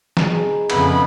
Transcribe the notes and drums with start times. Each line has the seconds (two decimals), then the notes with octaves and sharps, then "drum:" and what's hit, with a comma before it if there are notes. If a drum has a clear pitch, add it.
0.17 D#4 G#4 B4, drum: snare
0.70 F2 C#3 B3 E4 B5, drum: cymbal